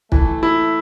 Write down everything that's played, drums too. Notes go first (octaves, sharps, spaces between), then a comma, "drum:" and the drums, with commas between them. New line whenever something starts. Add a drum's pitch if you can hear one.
E3 A3, drum: kick
E4